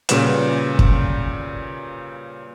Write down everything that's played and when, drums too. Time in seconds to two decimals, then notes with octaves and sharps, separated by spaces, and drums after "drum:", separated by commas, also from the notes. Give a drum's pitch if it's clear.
0.09 A#2 C#3 G3 F#4 B4 E7, drum: hi-hat
0.79 drum: kick